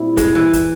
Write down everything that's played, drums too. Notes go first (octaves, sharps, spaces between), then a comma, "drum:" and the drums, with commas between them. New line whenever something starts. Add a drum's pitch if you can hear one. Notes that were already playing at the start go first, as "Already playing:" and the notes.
Already playing: A#2 G3 C4 E4
G#3, drum: kick, hi-hat
E3
drum: kick, hi-hat